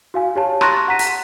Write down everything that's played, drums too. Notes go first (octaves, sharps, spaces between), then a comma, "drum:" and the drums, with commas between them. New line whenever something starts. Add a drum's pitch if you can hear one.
F#4 F5 G#5
G4 C#5 A5
A#5 C6 C#6 F#6 A6 A#6, drum: rim click
F#5 A#5 B6 D#7
drum: hi-hat